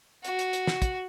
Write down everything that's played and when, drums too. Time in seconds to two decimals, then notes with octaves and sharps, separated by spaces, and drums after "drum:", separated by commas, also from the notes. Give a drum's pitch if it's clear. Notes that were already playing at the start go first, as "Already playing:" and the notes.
0.25 F#4, drum: hi-hat
0.39 drum: hi-hat
0.53 drum: hi-hat
0.67 drum: snare
0.82 drum: kick, hi-hat